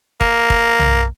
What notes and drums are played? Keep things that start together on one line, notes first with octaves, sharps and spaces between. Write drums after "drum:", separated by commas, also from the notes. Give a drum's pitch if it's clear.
A#3, drum: kick
drum: kick
drum: tom